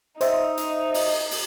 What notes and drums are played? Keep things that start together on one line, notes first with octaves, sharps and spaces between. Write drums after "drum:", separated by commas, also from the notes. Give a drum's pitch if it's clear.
D#4 C5 D#5 E5, drum: hi-hat
drum: hi-hat
drum: open hi-hat
drum: open hi-hat